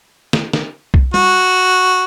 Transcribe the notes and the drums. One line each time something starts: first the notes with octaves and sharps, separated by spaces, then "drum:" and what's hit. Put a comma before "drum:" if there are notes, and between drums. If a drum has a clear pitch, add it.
drum: snare
drum: snare
drum: kick B1
F#4, drum: tom G3